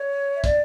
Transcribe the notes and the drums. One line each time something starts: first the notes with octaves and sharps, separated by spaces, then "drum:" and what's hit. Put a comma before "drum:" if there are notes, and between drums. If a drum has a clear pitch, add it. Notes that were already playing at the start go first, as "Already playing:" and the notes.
Already playing: C#5
E5
D5, drum: kick, hi-hat